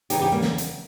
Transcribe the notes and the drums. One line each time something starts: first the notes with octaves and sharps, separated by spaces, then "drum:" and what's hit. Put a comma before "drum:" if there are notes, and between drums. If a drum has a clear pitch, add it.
E2 C#3 E3 D#4 G4, drum: hi-hat
D#4 G4
G3 A#3
G3 A#3, drum: snare
drum: hi-hat